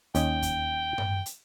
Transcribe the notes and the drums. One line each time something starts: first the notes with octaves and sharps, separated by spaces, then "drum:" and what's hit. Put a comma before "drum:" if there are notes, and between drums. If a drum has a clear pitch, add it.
D#2 C#4 D#5 G5, drum: hi-hat
drum: kick E2, hi-hat
drum: tom G2
drum: hi-hat